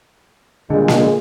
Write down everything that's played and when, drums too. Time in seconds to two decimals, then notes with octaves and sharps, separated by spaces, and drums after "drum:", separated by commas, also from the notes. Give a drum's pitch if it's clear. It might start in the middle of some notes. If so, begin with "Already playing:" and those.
0.70 A#2 D3 G3 G#3
0.88 drum: snare A#3